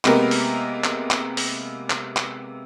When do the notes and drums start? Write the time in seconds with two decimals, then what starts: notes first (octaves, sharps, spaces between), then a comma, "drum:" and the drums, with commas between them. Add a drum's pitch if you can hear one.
0.05 C3 G#3 A#3 B3 G4 A#4, drum: clap
0.31 drum: open hi-hat
0.84 drum: clap
1.11 drum: clap
1.37 drum: open hi-hat
1.90 drum: clap
2.17 drum: clap